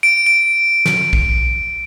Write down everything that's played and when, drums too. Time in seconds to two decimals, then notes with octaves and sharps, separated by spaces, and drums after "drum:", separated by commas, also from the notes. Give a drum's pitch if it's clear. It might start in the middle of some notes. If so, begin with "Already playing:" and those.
0.03 D7
0.26 D7
0.86 drum: snare
1.13 drum: kick A#1